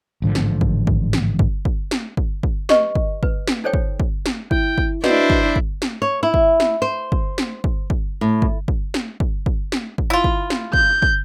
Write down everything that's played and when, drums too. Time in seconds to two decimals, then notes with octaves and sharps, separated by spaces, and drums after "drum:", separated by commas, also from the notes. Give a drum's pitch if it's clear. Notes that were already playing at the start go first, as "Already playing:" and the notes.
0.22 A1 G#2 D3 F3
0.35 drum: snare
0.61 drum: kick
0.87 drum: kick
1.13 drum: snare
1.39 drum: kick
1.65 drum: kick
1.91 drum: snare
2.17 drum: kick
2.43 drum: kick
2.69 G4 B4 D#5 C#6, drum: snare
2.95 drum: kick
3.23 B4, drum: kick
3.48 drum: snare
3.64 D#4 A4 C5 C#5 G5
3.74 drum: kick
4.00 drum: kick
4.26 drum: snare
4.51 E4 G5, drum: kick
4.78 drum: kick
5.04 D4 E4 F#4 B4 C5 D5 D#5, drum: snare
5.30 drum: kick
5.56 drum: kick
5.82 drum: snare
6.02 C#5
6.23 E4
6.34 drum: kick
6.60 drum: snare
6.82 C5
7.12 drum: kick
7.38 drum: snare
7.64 drum: kick
7.90 drum: kick
8.21 A2
8.42 drum: kick
8.68 drum: kick
8.94 drum: snare
9.20 drum: kick
9.46 drum: kick
9.72 drum: snare
9.98 drum: kick
10.10 E4 F4
10.24 drum: kick
10.50 drum: snare
10.73 G6, drum: kick
11.02 drum: kick